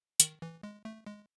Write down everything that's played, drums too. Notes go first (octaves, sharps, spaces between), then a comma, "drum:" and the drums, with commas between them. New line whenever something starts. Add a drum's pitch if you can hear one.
D#3, drum: hi-hat
E3
G#3
A3
G#3